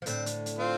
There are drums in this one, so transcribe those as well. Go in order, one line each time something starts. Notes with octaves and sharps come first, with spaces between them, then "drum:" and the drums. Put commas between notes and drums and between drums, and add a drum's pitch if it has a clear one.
F3
A2 D3 C4, drum: hi-hat
drum: hi-hat
drum: hi-hat
C4 F4